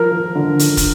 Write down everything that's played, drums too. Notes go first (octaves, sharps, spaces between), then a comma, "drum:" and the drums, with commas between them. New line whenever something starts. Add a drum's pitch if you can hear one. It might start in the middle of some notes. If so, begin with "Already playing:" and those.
Already playing: F3 A#4
F3
D3
D3, drum: hi-hat
drum: kick, hi-hat